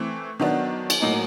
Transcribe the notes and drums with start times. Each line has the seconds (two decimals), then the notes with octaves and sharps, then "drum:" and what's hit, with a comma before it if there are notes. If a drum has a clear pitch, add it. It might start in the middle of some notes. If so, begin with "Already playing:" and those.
Already playing: E3 A3 C4
0.40 D#3 F#3 B3 D4
0.90 drum: cymbal
1.01 A2 F#3 A#3 D#4